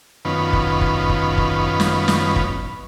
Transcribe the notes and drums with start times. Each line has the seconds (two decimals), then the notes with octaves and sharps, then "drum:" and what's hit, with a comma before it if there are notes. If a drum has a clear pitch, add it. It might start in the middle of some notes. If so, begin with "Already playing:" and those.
0.25 F#2 D#3 B3 C#4 F4 B4
0.53 drum: kick
0.81 drum: kick
1.09 drum: kick
1.37 drum: kick
1.80 drum: snare
2.08 drum: snare
2.36 drum: kick